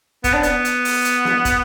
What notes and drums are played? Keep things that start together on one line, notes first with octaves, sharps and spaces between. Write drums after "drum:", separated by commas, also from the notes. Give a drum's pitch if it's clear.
B3, drum: kick, hi-hat
D4
B3, drum: hi-hat
drum: hi-hat
drum: open hi-hat
drum: hi-hat
drum: snare
drum: kick, hi-hat